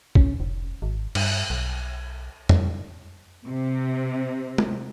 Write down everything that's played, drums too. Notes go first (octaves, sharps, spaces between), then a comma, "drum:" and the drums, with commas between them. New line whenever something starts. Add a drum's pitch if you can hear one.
C#4, drum: kick
F1
G#1
G2, drum: cymbal
B1
drum: tom F2
C3
drum: tom